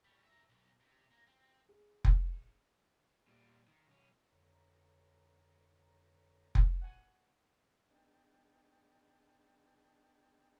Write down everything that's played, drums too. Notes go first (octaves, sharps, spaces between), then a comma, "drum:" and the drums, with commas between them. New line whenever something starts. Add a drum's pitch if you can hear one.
G3 C#4
A#4 E5
B1
C3
A#3
C4
G#4
drum: kick F1
A#2 G3
D#3
B1 C#4
F2 D3 A4 B4 C#5 A#5
drum: kick F1
F#5 G#5
B3 D4 D#4 G#4 G5 A5